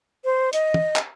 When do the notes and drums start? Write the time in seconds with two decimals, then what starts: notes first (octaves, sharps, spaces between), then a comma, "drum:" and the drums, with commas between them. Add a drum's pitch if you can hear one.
0.25 C5
0.53 D#5, drum: hi-hat
0.74 drum: tom
0.96 drum: clap